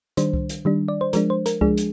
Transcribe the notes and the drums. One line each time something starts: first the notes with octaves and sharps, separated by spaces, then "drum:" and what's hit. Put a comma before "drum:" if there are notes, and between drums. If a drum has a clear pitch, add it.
D#3 G3 D4 C5, drum: hi-hat
drum: kick C#2
drum: hi-hat
D#3 G3 D4
D5
C5
F3 G#3 D4 A#4, drum: hi-hat
C5
A#4, drum: hi-hat
F3 G#3 D4 G#4, drum: kick C#2
drum: hi-hat